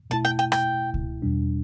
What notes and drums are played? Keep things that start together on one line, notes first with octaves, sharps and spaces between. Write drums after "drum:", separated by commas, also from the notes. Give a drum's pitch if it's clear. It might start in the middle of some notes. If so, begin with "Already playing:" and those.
B2 A3 E4 A5
G5
G5
G5, drum: rim click
drum: kick C#2
E2 B2 G3 D4